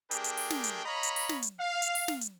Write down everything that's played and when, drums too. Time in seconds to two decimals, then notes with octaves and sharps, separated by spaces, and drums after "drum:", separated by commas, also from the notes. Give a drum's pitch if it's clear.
0.11 A3 D4 G4 G#4 A#4 G5, drum: hi-hat
0.24 drum: hi-hat
0.37 drum: open hi-hat
0.50 drum: snare
0.64 drum: hi-hat
0.85 C#5 D#5 F5 A#5 B5
1.03 drum: hi-hat
1.16 drum: open hi-hat
1.29 drum: snare
1.42 drum: hi-hat
1.60 F5
1.82 drum: hi-hat
1.95 drum: open hi-hat
2.08 drum: snare
2.21 drum: hi-hat